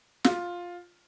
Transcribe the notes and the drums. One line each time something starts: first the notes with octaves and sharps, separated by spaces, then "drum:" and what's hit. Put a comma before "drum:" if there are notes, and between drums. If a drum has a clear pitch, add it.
F4, drum: snare